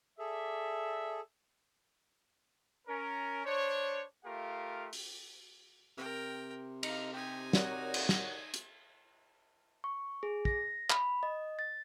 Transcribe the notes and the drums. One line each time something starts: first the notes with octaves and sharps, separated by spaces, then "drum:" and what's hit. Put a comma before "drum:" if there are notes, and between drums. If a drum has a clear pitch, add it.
G#4 A4 D5 E5
C#4 A#4
D4 C5 C#5
A3 F4 G4 A#4 F5
drum: open hi-hat
C3 A#4 G5
D#4 F5 A#5, drum: cymbal
D#4 G4 G#5
F#4 A#4 C#5 D5, drum: snare
drum: cymbal
drum: snare
drum: hi-hat
C#6
G#4
A#6, drum: kick
B5, drum: clap
D#5
A6